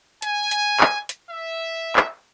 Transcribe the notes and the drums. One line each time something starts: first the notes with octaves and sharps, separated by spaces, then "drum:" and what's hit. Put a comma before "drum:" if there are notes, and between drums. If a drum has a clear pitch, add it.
G#5, drum: hi-hat
drum: hi-hat
drum: clap
drum: hi-hat
E5
drum: clap